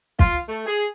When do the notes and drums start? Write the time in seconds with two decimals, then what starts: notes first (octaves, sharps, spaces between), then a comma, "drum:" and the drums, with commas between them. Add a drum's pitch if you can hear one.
0.19 F4, drum: kick
0.48 A3
0.66 G#4